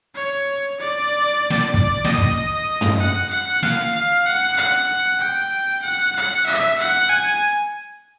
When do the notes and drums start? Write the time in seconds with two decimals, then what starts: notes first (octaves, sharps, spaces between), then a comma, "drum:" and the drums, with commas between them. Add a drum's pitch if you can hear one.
0.16 C#5
0.79 D5
1.50 drum: snare
1.74 D5, drum: kick
2.04 D#5, drum: snare
2.18 drum: kick
2.81 drum: tom
2.99 F#5
3.31 F#5
3.62 F5, drum: snare
3.94 F5
4.26 F#5
4.56 F#5
5.20 G5
5.83 F#5
6.15 F#5
6.46 E5
6.78 F#5
7.09 G#5